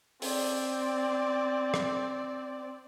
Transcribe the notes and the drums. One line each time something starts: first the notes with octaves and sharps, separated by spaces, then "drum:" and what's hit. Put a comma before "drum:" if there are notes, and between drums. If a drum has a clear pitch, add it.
C4 D5, drum: open hi-hat
drum: rim click